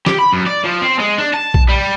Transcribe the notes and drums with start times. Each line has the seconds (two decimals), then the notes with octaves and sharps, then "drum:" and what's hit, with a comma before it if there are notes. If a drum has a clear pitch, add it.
0.06 G4, drum: snare
0.19 B5
0.33 F#2
0.46 D5
0.64 F3
0.81 C4
0.99 G#3
1.18 D4
1.33 A5
1.54 drum: kick A#1
1.68 G3